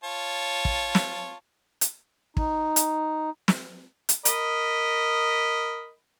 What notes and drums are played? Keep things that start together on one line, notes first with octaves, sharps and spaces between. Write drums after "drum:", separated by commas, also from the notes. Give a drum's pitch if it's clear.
F4 C#5 A5
drum: kick
drum: snare
drum: hi-hat
D#4, drum: kick
drum: hi-hat
drum: snare
drum: hi-hat
A#4 D#5 B5, drum: hi-hat